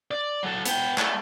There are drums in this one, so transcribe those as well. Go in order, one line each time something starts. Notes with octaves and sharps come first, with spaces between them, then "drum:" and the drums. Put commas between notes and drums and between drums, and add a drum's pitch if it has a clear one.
D5
F#3 A4
B3 G5, drum: hi-hat
A3, drum: clap